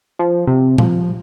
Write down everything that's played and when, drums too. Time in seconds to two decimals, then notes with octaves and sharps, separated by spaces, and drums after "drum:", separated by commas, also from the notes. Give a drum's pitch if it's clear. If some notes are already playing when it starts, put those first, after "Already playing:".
0.19 F3
0.47 C3
0.78 F3, drum: tom A#2